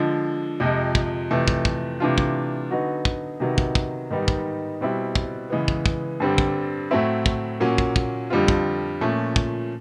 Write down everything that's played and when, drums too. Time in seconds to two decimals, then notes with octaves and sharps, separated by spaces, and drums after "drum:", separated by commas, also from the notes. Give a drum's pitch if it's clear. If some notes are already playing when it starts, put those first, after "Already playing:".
Already playing: D3 F3 G#3
0.60 F2 C3 F3 G#3
0.95 drum: kick
1.31 F2 C3 E3 A3
1.48 drum: kick
1.65 drum: kick
2.00 C3 E3 A3 D4 F4
2.18 drum: kick
2.70 D3 F#3 B3 D#4 F#4
3.05 drum: kick
3.40 C3 D#3 F#3 B3 D#4
3.58 drum: kick
3.75 drum: kick
4.10 G#2 D#3 G3 B3 D#4
4.28 drum: kick
4.81 B2 G3 C4 E4
5.15 drum: kick
5.50 C#3 E3 G#3 B3
5.68 drum: kick
5.86 drum: kick
6.20 G2 D3 G3 C4
6.38 drum: kick
6.91 A2 F#3 A3 C4 E4
7.26 drum: kick
7.60 A#2 F#3 A#3 C#4
7.78 drum: kick
7.96 drum: kick
8.30 F2 D3 G3 C4 F4
8.48 drum: kick
9.01 A#2 F3 A3 C#4
9.36 drum: kick